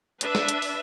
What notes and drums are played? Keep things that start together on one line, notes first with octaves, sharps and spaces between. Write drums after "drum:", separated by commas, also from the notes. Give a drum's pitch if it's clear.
D4 B4 E5, drum: hi-hat
drum: snare
drum: hi-hat
drum: open hi-hat